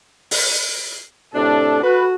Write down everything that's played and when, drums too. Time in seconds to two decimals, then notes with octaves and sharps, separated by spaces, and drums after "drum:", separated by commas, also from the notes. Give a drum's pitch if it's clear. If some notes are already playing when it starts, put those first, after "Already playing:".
0.31 drum: open hi-hat
1.35 A2 C3 D4 A4
1.84 F#4 B4